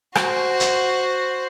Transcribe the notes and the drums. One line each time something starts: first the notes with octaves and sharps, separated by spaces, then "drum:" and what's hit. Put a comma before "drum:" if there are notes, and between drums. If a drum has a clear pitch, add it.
F#4 C5, drum: rim click
drum: hi-hat